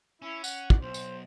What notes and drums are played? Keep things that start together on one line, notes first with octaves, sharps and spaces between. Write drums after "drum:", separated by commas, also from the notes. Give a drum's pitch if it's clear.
C#4 E4
F#5, drum: tambourine
drum: kick
B1 C5
drum: tambourine